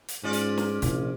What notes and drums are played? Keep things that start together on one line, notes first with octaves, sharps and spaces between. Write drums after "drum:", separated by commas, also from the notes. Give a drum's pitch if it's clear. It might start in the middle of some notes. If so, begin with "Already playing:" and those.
drum: hi-hat
G#2 C#4 F4 D5
drum: hi-hat
drum: snare
A#1 C3 E4, drum: hi-hat